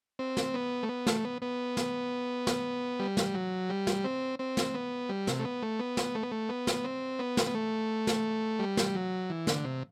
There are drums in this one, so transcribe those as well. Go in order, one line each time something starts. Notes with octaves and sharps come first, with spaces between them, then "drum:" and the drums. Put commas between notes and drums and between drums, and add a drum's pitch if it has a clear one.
C4
drum: snare
B3
A3
B3
A3, drum: snare
B3
B3
drum: snare
drum: snare
G3
drum: snare
F#3
G3
drum: snare
C4
C4
drum: snare
B3
G3
C3, drum: snare
A3
B3
A3
B3
drum: snare
A3
B3
A3
B3
drum: snare
C4
B3
drum: snare
B3
A3
drum: snare
G3
drum: snare
F#3
E3
D3, drum: snare
C3